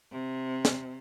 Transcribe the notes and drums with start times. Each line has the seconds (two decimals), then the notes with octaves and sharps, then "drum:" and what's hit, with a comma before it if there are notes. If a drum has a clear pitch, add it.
0.12 C3
0.65 drum: snare